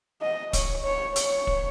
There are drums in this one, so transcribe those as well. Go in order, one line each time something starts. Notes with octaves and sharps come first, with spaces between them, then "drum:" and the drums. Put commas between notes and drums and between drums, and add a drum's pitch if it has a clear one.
D#5
C#5, drum: kick, hi-hat
C#5
C#5, drum: hi-hat
drum: kick